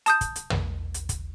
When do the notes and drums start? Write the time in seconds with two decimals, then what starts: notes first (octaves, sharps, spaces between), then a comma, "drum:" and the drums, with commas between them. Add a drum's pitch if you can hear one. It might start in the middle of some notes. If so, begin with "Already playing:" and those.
0.06 A5 D#6 G6, drum: hi-hat
0.21 drum: kick, hi-hat
0.36 drum: hi-hat
0.50 drum: tom
0.94 drum: hi-hat
1.09 drum: kick, hi-hat